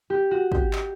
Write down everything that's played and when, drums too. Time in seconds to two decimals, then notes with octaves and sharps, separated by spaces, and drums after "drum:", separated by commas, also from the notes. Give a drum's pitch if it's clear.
0.10 G4
0.31 F#4
0.52 G4, drum: kick G#1
0.73 drum: clap